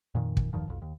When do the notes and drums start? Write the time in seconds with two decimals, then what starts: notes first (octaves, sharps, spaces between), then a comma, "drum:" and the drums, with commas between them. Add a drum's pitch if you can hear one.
0.15 F2 A#2 D#3
0.37 drum: kick
0.53 E2 G2 D#3 F3
0.68 B1 F2
0.82 D#2